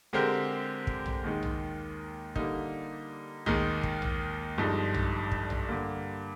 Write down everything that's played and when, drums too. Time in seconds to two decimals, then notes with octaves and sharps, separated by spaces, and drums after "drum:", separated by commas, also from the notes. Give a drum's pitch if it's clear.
0.13 D3 G#3 C4 G4 A#4
0.87 drum: kick
1.06 drum: tom A#1
1.24 D#2 D#3 G#3 D#4
1.43 drum: tom A#1
2.36 D3 G3 A#3 D#4, drum: kick
3.46 D#2 D#3 G#3 D#4, drum: tom A#1
3.83 drum: kick
4.02 drum: tom A#1
4.58 G1 G2 F3 G#3 D#4
4.94 drum: tom A#1
5.31 drum: kick
5.50 drum: tom A#1
5.68 G2 D3 G3 A#3